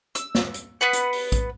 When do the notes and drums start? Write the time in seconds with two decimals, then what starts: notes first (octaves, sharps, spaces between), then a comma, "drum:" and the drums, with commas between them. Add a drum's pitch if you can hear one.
0.15 E6, drum: hi-hat
0.35 drum: snare
0.54 drum: hi-hat
0.81 B3 B4 F#5
0.93 drum: hi-hat
1.13 drum: open hi-hat
1.32 drum: kick A#1, hi-hat